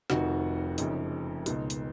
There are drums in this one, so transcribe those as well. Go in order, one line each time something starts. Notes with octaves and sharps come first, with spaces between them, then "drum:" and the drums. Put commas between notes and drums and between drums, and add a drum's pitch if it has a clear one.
F1 F2 D#3 D#4 F#4, drum: snare
F#1 F2 C#3 D#4, drum: hi-hat
C#2 B2 D#4, drum: hi-hat
drum: hi-hat